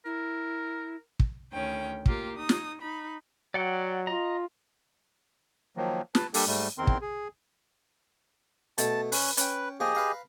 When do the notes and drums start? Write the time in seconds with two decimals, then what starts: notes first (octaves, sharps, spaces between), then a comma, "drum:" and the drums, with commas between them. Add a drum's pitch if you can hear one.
0.05 E4 A#4
1.20 drum: kick
1.52 D2 D#3 C#4 G5
2.06 A#3 F4 G4 A#4, drum: kick
2.35 D#4 D#6
2.49 drum: snare
2.80 D#4 B5
3.54 F#3 D5 F#5 G5
4.07 F4 D#5 A#5
5.77 D#3 F3 F#3 A#3
6.15 B4 A5, drum: snare
6.34 G3 A#3 D4 G4 A4, drum: open hi-hat
6.47 G#2 G3 A3
6.78 E2 D#3 C4 A#4 C6
6.87 drum: kick
7.01 G#4
8.78 B2 A3 A5, drum: hi-hat
9.12 C#4 B4 F#6, drum: open hi-hat
9.37 C#4 B4 G5, drum: hi-hat
9.80 F3 A#3 G4 G#4 D#5
9.95 B4 F5 A#5